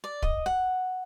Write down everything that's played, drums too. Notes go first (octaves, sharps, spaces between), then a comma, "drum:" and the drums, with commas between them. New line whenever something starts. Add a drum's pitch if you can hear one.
D5
D#5, drum: kick
F#5